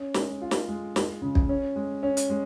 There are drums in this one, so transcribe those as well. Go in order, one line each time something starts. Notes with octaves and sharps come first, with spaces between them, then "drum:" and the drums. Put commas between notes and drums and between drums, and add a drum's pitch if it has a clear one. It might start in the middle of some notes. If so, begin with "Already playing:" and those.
Already playing: C#4
G#3, drum: snare
F4
drum: snare
G#3
G#3, drum: snare
C#3
drum: kick
C#4
G#3
C#4
drum: hi-hat
G#3